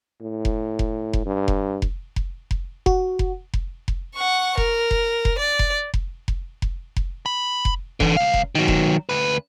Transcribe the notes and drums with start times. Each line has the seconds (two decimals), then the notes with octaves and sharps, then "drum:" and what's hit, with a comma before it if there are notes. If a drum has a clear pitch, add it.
0.21 A2
0.45 drum: kick F1
0.79 drum: kick F1
1.13 drum: kick F1
1.26 G2
1.48 drum: kick F1
1.82 drum: kick F1
2.16 drum: kick F1
2.51 drum: kick F1
2.86 F#4, drum: kick F1
3.19 drum: kick F1
3.54 drum: kick F1
3.88 drum: kick F1
4.15 F#5 C#6
4.57 A#4, drum: kick F1
4.91 drum: kick F1
5.25 drum: kick F1
5.39 D5
5.59 drum: kick F1
5.94 drum: kick F1
6.28 drum: kick F1
6.62 drum: kick F1
6.96 drum: kick F1
7.26 B5
7.65 drum: kick F1
8.00 D3 E3, drum: kick F1
8.17 C#2 F5
8.34 drum: kick F1
8.55 D#3 F#3
8.68 drum: kick F1
9.09 D2 B4